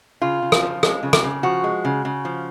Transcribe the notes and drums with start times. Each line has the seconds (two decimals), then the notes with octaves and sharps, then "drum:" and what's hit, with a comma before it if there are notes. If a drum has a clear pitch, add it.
0.22 C#3 F4
0.42 C#3
0.52 drum: rim click
0.62 F3
0.83 G#3, drum: rim click
1.03 C#3
1.13 drum: rim click
1.24 C#3
1.43 F3 F#4
1.64 G#3
1.85 C#3
2.05 C#3
2.25 F3